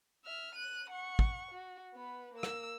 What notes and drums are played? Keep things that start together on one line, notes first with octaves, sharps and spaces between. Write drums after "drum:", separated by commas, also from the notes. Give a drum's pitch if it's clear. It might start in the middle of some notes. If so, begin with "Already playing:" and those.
E5 F6
F#6 D#7
F#5 C#6
drum: kick
F#4
B3 B4
A#3 E6
drum: rim click